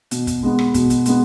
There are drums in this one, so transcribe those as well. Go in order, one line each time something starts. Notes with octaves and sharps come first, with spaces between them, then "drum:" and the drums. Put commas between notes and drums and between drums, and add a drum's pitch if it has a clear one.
B2, drum: hi-hat
drum: kick, hi-hat
G#3 B3
drum: rim click
B2, drum: kick, hi-hat
drum: hi-hat
G#3 B3, drum: hi-hat